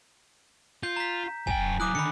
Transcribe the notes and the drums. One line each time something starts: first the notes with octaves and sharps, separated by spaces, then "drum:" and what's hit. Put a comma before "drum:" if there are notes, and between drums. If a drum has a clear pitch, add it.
F4 G6
A#5 B6
F#2 G5 G#5, drum: kick
F#3 E4 D6 D#6 F#6
D3 D#3 B5 C#7